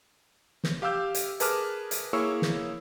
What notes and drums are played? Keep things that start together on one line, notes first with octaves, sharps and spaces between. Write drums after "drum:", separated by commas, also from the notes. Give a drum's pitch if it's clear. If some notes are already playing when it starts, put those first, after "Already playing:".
drum: snare
G4 F5 D6 E6 G6
drum: hi-hat
G#4 A#4 B4 A5 D6 F6, drum: hi-hat
drum: hi-hat
A#3 E4 G#4 C#5 C#6 E6
drum: snare